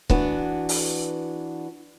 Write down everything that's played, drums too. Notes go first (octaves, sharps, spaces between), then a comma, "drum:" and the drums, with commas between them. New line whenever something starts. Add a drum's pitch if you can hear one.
E3 B3 D4 F#4, drum: kick C#1
drum: open hi-hat